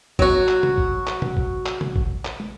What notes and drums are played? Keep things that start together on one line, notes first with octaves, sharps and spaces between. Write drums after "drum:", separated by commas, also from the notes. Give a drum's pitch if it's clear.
F#3 F#4, drum: kick G#1
drum: clap
drum: tom C3
drum: kick G#1
drum: clap
drum: tom B2
drum: kick G#1
drum: clap
drum: tom C3
drum: kick G#1
drum: clap
drum: tom